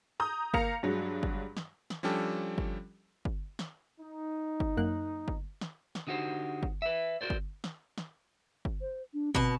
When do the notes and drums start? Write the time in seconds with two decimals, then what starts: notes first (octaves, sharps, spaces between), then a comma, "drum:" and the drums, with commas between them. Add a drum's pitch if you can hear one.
0.20 A#5 D#6 G6
0.54 A#3 F5 A#5 A#6 C#7 F7, drum: kick G1
0.83 G2 F#3 G#3
1.23 drum: kick G1
1.57 drum: snare
1.90 drum: snare
2.03 F3 G3 C#4 D4 G4 A4
2.58 drum: kick G1
3.25 drum: kick G1
3.59 drum: snare
4.01 D#4
4.60 drum: kick G1
4.77 F#2 A#3 F#6
5.28 drum: kick G1
5.61 drum: snare
5.95 drum: snare
6.07 D3 D#4 F#4 G4 C5
6.63 drum: kick G1
6.82 B4 E5
7.21 F#4 A#4 C5 D5
7.30 drum: kick G1
7.64 drum: snare
7.98 drum: snare
8.65 drum: kick G1
8.81 C5
9.14 D4
9.35 B2 C4 A5, drum: kick G1